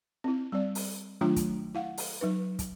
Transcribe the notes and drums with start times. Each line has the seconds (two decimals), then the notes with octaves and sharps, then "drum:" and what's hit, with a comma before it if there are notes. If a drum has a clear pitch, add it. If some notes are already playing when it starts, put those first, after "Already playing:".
0.24 C4 E4
0.52 G3 C4 D5
0.75 drum: open hi-hat
1.21 D#3 F#3 A3 D4 F4 A#5
1.36 drum: kick, hi-hat
1.75 E4 F5 F#5
1.98 drum: open hi-hat
2.21 F#3 D#4 B4
2.59 drum: kick, hi-hat